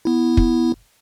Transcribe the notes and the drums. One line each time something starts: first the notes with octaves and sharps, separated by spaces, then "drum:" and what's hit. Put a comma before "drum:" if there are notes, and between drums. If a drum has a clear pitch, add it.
B3 E4
drum: kick